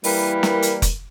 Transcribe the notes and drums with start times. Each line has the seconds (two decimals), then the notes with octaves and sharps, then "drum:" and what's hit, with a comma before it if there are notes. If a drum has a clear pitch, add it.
0.04 E3 G3 A#3 E4 A#4 B4, drum: open hi-hat
0.43 drum: snare
0.62 drum: hi-hat
0.82 drum: kick F1, hi-hat